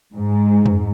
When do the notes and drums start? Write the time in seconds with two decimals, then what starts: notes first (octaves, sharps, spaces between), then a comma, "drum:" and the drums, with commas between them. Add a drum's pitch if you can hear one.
0.15 G#2
0.66 drum: tom F2